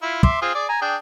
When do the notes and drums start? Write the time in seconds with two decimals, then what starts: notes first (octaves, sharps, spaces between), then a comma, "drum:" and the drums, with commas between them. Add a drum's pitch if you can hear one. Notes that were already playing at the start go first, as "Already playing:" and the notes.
0.02 E4 F4
0.23 E5 C6 D6, drum: kick
0.42 C4 F4 G#4
0.54 G#4 D5 D6
0.69 G#5 A#5
0.82 D4 G#4 G5